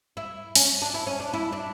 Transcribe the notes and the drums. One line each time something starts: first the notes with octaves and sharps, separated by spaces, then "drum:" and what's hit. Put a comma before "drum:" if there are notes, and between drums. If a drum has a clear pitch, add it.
E4
C#4, drum: open hi-hat
D4
E4
C#4
D4
E4
D4